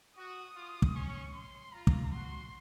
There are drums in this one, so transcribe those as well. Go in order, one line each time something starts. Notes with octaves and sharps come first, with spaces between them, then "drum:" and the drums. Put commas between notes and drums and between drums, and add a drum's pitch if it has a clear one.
F#4 D#6
F4
drum: kick
C#4 C#6
C6
F4 A#5
drum: kick
F#4 C6